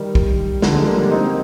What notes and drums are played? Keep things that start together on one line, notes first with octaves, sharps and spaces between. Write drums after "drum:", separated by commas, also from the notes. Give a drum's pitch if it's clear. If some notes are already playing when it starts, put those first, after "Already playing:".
Already playing: D#3 G3
drum: kick
D3 F3, drum: snare
F3 G#3
G3 A#3
A#3 D4
C4 D#4